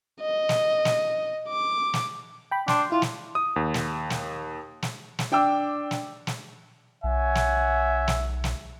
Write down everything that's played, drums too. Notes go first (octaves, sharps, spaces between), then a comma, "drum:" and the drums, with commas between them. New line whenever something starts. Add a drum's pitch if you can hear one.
D#5
drum: snare
drum: snare
D6
drum: snare
G5 B5
D4 G5 C6, drum: snare
E4 F4
drum: snare
D#6
D#2
drum: snare
drum: snare
drum: snare
drum: snare
D4 G5 D6 E6
drum: snare
drum: snare
B1 C#5 E5 F#5 G#5
drum: snare
drum: snare
drum: snare